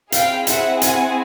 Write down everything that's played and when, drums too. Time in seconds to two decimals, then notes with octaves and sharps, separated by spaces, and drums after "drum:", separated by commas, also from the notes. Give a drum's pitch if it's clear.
0.12 C4 E4 G#4 F5 G5, drum: hi-hat
0.47 E5 F#5, drum: hi-hat
0.82 F#5 G#5, drum: hi-hat